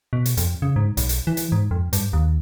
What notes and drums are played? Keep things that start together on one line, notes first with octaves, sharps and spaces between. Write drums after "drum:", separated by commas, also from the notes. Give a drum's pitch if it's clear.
B2
drum: hi-hat
F2, drum: hi-hat
C#3
G#2
B1, drum: hi-hat
drum: hi-hat
E3
drum: hi-hat
G#2
F2
G2, drum: hi-hat
D#2